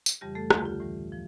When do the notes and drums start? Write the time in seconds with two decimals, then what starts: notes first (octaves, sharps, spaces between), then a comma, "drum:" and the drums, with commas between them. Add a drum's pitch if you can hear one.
0.06 drum: tambourine
0.21 F2 C#3 E3 G3 G4
0.35 A3 A4
0.50 D2 D3 G3 F4, drum: rim click
0.58 G4
0.65 F4
0.80 A2 E3 G3
1.12 F3